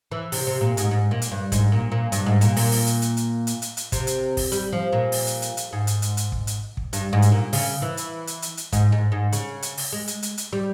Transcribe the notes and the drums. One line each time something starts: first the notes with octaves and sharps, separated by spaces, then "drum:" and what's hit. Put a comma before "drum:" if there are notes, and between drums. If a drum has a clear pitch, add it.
E3
C3, drum: open hi-hat
C3
A#2
G#2, drum: hi-hat
G#2
A#2
drum: hi-hat
G2
G#2, drum: kick, hi-hat
A#2
A#2
G2, drum: hi-hat
G#2
A#2, drum: hi-hat
A#2, drum: open hi-hat
drum: open hi-hat
drum: hi-hat
drum: hi-hat
drum: hi-hat
drum: hi-hat
drum: hi-hat
drum: hi-hat
C3, drum: kick, hi-hat
drum: hi-hat
drum: kick, open hi-hat
G3, drum: hi-hat
F3
A#2
drum: open hi-hat
drum: hi-hat
drum: hi-hat
drum: hi-hat
G#2
drum: hi-hat
drum: hi-hat
drum: hi-hat
drum: kick
drum: hi-hat
drum: kick
G2, drum: hi-hat
G#2
drum: hi-hat
A#2
C#3, drum: open hi-hat
E3
drum: hi-hat
drum: hi-hat
drum: hi-hat
drum: hi-hat
G#2, drum: kick, hi-hat
G#2
G#2
C#3, drum: hi-hat
drum: hi-hat
drum: open hi-hat
G#3
drum: hi-hat
drum: hi-hat
drum: hi-hat
G3